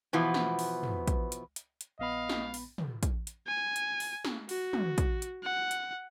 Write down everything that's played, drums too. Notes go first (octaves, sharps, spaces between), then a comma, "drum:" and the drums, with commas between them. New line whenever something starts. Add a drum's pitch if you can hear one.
B2 E3 F3 B3
drum: snare
drum: open hi-hat
drum: tom
drum: kick, hi-hat
drum: hi-hat
drum: hi-hat
drum: hi-hat
A#1 B3 D#5 F5 B5
drum: snare
drum: open hi-hat
drum: tom
drum: kick, hi-hat
drum: hi-hat
G#5
drum: hi-hat
drum: open hi-hat
drum: snare
F#4, drum: open hi-hat
drum: tom
drum: kick, hi-hat
drum: hi-hat
F#5
drum: hi-hat